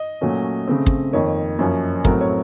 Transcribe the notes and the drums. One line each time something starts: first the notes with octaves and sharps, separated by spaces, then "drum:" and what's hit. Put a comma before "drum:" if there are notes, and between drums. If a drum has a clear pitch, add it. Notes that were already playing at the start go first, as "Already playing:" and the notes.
Already playing: D#5
A#2 F#3 A3 C#4
C#3 A3 C4
drum: kick
F2 D#3 A#3 C#5
F#2 F3 A#3 C#4
A2 F#3 A3 C4 A#4, drum: kick
C#5